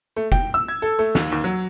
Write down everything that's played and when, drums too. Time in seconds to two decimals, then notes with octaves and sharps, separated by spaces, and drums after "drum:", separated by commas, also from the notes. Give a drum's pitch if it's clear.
0.16 A3
0.32 G5, drum: kick F1
0.54 E6
0.68 G#6
0.82 A4
0.99 A3
1.15 D#2, drum: snare
1.32 D#2
1.44 F#3